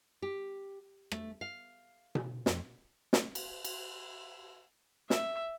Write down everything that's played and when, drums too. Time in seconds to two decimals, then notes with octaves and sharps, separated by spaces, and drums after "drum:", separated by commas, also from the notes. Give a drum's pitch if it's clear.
0.22 G4
1.12 A3, drum: rim click
1.41 F5
2.15 drum: tom B2
2.46 F2, drum: snare
3.13 drum: snare
3.35 drum: cymbal
3.65 drum: cymbal
5.10 E5, drum: snare